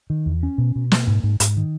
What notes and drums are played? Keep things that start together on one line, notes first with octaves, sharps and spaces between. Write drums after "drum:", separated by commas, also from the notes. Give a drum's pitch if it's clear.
D#3
E2
C#4
B2
B2
A#3, drum: snare
G#2
G#2
G#2, drum: hi-hat
D#3